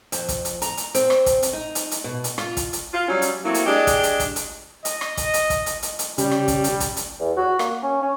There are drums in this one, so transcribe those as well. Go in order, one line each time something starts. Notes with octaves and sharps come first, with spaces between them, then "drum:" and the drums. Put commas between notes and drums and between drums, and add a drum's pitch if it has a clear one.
F2, drum: hi-hat
drum: kick, hi-hat
drum: hi-hat
A#5, drum: hi-hat
drum: hi-hat
C4, drum: hi-hat
drum: rim click
drum: kick, hi-hat
drum: hi-hat
D#4
drum: hi-hat
drum: hi-hat
B2
drum: hi-hat
F4, drum: rim click
drum: kick, hi-hat
drum: hi-hat
F4
F#3 G3 C#4
drum: hi-hat
F#3 A3 A#3 C4 E4
drum: hi-hat
G#3 D4 G4 G#4 D#5
drum: kick, hi-hat
drum: hi-hat
drum: kick, hi-hat
drum: hi-hat
D#5, drum: hi-hat
drum: rim click
drum: kick, hi-hat
drum: hi-hat
drum: kick, hi-hat
drum: hi-hat
drum: hi-hat
drum: hi-hat
C#3 G3 C#4 G4, drum: hi-hat
drum: rim click
drum: kick, hi-hat
drum: hi-hat
drum: kick, hi-hat
drum: hi-hat
E2
F#4
A#3, drum: rim click
C#4
C#4